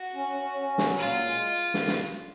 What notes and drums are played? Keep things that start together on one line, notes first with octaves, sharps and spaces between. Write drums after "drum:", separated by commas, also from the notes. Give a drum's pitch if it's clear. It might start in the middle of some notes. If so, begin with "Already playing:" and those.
Already playing: F#4
C#4
C#4
C#4
F#3, drum: snare
A#2 F4
G#3
drum: snare
drum: snare